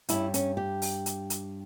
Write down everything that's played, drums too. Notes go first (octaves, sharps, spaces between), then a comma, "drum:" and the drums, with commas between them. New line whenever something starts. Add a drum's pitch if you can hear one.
G2 G3 C#4 E4, drum: hi-hat
C#4, drum: hi-hat
G4
drum: open hi-hat
drum: hi-hat
drum: hi-hat